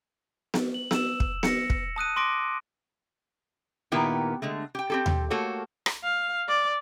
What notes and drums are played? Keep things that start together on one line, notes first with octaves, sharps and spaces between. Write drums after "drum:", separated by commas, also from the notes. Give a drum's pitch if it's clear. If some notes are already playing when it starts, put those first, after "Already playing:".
drum: snare B3
F#7
E6 E7, drum: snare B3
drum: kick
A#6 C#7, drum: snare B3
drum: kick
A5 D#6 F#6 D#7
C6 D6 A#6 D7
A#2 D#3 B3 E4 G4 A#4
D3 G#3 A3
G4 G5
C4 G4 A4
drum: tom D#2
A3 A#3 F#4 A4 C#5
drum: rim click
F5
D5